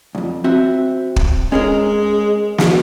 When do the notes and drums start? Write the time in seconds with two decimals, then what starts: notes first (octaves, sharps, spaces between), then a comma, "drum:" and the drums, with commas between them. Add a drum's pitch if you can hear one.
0.15 C2 F2
0.44 C4 F#4 E5
1.16 drum: kick
1.52 G#3 C#4 G#4 A#4
2.58 drum: snare